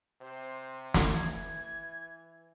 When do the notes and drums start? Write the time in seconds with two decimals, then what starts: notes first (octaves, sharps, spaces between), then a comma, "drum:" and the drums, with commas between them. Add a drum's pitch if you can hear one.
0.21 C3 C5
0.94 drum: snare
1.12 E3 G#6